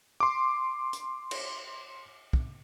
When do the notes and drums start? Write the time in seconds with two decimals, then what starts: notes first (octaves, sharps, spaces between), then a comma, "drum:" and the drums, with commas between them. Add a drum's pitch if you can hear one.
0.20 C6 D6
0.93 drum: hi-hat
1.31 drum: cymbal
2.33 drum: kick